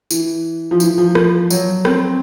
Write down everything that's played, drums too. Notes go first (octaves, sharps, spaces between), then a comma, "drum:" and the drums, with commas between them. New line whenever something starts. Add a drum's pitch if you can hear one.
E3, drum: tambourine
F3
E3, drum: tambourine
F3
drum: rim click
F#3, drum: tambourine
C4, drum: rim click